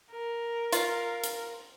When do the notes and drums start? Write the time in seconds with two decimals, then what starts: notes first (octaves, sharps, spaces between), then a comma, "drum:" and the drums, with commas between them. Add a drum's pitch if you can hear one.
0.12 A#4
0.72 F4, drum: hi-hat
1.24 drum: hi-hat